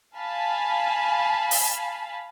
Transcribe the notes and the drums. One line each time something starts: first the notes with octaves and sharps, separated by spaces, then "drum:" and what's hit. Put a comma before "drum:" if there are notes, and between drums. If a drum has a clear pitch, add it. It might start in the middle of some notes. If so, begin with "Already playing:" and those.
F5 G#5 A5 B5
drum: open hi-hat